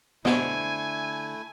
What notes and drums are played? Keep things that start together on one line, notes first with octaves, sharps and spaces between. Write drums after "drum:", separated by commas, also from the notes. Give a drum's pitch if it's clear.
D3 A3 E4 C5 D#5 G#5, drum: snare